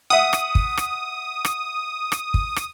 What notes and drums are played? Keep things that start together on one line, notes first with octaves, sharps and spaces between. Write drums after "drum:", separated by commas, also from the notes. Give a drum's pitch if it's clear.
E5 F#5 D#6
drum: rim click
drum: kick
drum: rim click
drum: rim click
drum: rim click
drum: kick
drum: rim click